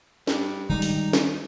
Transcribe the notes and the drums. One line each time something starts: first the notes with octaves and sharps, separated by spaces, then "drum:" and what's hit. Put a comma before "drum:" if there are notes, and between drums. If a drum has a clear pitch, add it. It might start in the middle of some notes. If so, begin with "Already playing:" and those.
G2, drum: snare
D#3 G3 G#3 D#4
drum: open hi-hat
drum: snare